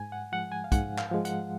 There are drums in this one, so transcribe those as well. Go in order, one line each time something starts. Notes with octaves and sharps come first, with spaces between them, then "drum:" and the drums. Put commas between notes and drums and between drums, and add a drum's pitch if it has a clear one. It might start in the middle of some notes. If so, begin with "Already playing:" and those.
Already playing: G#2 G#5
F#5
F3 G#3 F#5
G#5
F5
G#2 F#5, drum: kick, hi-hat
F5, drum: clap
F3 G#3
F#5, drum: hi-hat